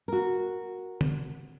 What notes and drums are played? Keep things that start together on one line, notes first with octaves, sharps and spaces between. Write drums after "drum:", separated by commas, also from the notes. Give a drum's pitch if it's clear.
F#4 A#4
drum: tom D3